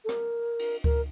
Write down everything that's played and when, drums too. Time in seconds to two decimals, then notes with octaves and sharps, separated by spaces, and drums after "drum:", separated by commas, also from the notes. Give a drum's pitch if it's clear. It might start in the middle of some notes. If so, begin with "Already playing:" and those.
0.05 A4
0.09 A#4, drum: rim click
0.59 drum: cymbal
0.84 A#4, drum: kick C#2